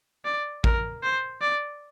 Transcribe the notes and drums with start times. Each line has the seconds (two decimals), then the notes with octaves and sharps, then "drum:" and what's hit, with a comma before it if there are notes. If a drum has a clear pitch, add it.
0.25 D5
0.64 A#4, drum: kick A1
1.03 C5
1.41 D5